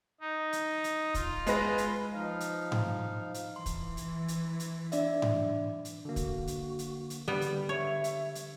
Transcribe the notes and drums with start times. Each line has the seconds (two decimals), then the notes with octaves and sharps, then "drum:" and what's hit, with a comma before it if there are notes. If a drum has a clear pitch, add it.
0.21 D#4
0.53 drum: hi-hat
0.84 drum: hi-hat
1.14 F4, drum: kick, hi-hat
1.47 G#3 B4 A#6, drum: hi-hat
1.78 drum: hi-hat
2.14 F3 D#4 F5
2.40 drum: hi-hat
2.72 drum: tom G#2
3.34 drum: hi-hat
3.56 E3 C6
3.66 drum: kick, hi-hat
3.97 drum: hi-hat
4.28 drum: hi-hat
4.60 drum: hi-hat
4.92 D4 D5 E5, drum: hi-hat
5.22 drum: tom G#2
5.85 drum: hi-hat
6.05 D3 A#3 F#4
6.16 drum: kick, hi-hat
6.47 drum: hi-hat
6.79 drum: hi-hat
7.10 drum: hi-hat
7.28 D3 G3 B3
7.41 drum: hi-hat
7.69 C#5 E5
8.04 drum: hi-hat
8.35 drum: hi-hat